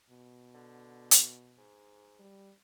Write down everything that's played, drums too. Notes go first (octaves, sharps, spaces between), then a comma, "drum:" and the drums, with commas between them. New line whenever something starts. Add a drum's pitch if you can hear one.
B2
D3
drum: hi-hat
G#2
G3